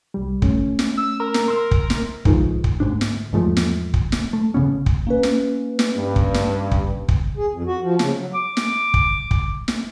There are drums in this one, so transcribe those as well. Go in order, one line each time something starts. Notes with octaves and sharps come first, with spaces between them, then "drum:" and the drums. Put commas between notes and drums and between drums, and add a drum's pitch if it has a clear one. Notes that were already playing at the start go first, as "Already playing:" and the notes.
C2 G3
A3 C#4, drum: kick
drum: snare
E6
A#4
drum: snare
C6 E6
drum: kick
drum: snare
B1 G#2 D#3 F3, drum: kick
drum: kick
D2 G#2 D4
drum: snare
E2 G#2 F3 A3
drum: snare
drum: kick
drum: snare
A3
A1 C#3 B3 C#4
drum: kick
A#3 C#4 B4
drum: snare
drum: snare
G2
drum: kick
drum: snare
drum: kick
drum: kick
G#4
F2
F#4
F3
C#3, drum: snare
F#3
D6
drum: snare
drum: kick
drum: kick
drum: snare